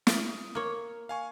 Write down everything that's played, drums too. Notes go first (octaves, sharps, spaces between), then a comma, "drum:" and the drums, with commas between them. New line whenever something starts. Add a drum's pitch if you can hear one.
D#6 F6, drum: snare
A#3 C#5
F5 G#5 C#6